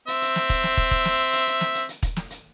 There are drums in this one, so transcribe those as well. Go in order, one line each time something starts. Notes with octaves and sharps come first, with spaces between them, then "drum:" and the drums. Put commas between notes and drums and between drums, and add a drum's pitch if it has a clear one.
C4 E5, drum: hi-hat
drum: hi-hat
drum: snare
drum: kick, hi-hat
drum: snare
drum: kick
drum: kick
drum: snare
drum: hi-hat
drum: hi-hat
drum: snare
drum: hi-hat
drum: hi-hat
drum: kick, hi-hat
drum: snare
drum: hi-hat